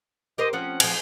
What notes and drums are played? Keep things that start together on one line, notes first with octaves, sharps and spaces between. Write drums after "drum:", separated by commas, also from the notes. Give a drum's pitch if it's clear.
G4 A#4 C5 D#5
F3 C4 C#4 F#5
F3 C4, drum: cymbal